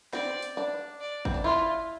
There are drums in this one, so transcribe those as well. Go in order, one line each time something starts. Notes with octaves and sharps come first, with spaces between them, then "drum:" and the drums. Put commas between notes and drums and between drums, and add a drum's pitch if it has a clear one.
C4 D5, drum: snare
drum: open hi-hat
D4
D5
C4, drum: kick
D4
E4 F4